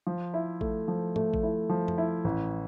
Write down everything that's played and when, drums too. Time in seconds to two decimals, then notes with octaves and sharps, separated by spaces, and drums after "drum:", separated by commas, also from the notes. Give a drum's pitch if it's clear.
0.07 F3
0.34 E4
0.61 A3, drum: kick A1
0.88 F3
1.16 A3, drum: tom
1.33 drum: kick A1
1.43 E4
1.70 F3
1.88 drum: tom F2
1.98 E4
2.24 A1